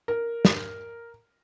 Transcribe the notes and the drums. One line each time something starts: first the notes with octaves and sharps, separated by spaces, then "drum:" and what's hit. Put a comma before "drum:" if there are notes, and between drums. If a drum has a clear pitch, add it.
A#4
drum: snare